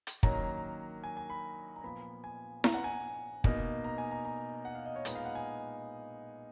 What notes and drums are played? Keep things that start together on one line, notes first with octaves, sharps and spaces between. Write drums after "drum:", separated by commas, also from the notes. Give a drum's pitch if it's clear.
drum: hi-hat
D#3 F#3 A#3 C#4 A#5, drum: kick
G#5
G#5
B5
A#5
A#2 F3 B3 B5
G#5
A#5, drum: snare E4
F#5
G#5
B2 A#3 D#4, drum: kick
A#5
G#5
A#5
A#5
F#5
F5
D#5
C#5
A#2 G#3 B3 D#4 D#5, drum: hi-hat
F5
F#5
G#5